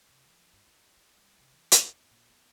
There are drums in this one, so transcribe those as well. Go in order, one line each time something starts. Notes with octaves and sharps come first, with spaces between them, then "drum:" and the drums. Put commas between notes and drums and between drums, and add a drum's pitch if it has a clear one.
C3
F3
G2
F4
D4
G3
C3
E3
E2, drum: hi-hat
E2
A#2
E2